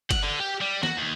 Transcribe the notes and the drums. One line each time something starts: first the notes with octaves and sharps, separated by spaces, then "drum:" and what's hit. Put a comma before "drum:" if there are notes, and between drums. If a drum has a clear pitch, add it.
F#5, drum: kick F#1, cymbal
D3
G4
G3
F#4, drum: snare
D#2